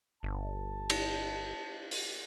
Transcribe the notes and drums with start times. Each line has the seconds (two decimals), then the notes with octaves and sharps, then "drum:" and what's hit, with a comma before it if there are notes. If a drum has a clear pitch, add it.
0.23 G1 A5
0.90 drum: cymbal
1.91 drum: open hi-hat